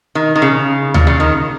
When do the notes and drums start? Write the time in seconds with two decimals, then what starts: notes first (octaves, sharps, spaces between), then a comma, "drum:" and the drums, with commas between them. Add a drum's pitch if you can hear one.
0.15 D#3
0.36 D#3
0.42 C#3
0.94 A#2, drum: tom D2
1.07 C#3
1.20 D#3